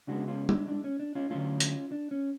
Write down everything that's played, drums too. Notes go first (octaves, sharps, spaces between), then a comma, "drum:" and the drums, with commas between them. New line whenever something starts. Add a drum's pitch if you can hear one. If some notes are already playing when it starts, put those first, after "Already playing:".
C#3 G#3 B3 D4 F#4
C#4 F4
D4, drum: tom
D4
C#4
D4
C#4 F4
D3 F#3 A3 C#4 F4
drum: hi-hat
D4
C#4